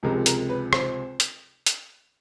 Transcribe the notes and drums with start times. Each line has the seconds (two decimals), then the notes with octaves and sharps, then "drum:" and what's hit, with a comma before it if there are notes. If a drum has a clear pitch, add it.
0.03 C#2 C3 F3 G#3 A#4
0.26 A#4, drum: hi-hat
0.49 B4
0.73 C5, drum: rim click
1.20 drum: hi-hat
1.66 drum: hi-hat